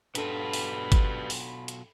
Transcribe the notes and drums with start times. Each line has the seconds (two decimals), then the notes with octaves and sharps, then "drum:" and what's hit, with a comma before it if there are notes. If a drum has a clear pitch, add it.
0.15 B2 F#3 D4 F4 G4 A4 B4 B5, drum: hi-hat
0.53 drum: open hi-hat
0.92 drum: kick G1, hi-hat
1.30 drum: open hi-hat
1.68 drum: hi-hat